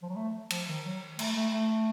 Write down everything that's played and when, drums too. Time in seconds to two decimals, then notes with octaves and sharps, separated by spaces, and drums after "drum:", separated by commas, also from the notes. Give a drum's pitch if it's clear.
0.02 F3
0.09 F#3
0.16 A3
0.50 F3, drum: cymbal
0.68 D#3
0.85 F#3
1.19 A3, drum: cymbal
1.35 A3
1.53 A3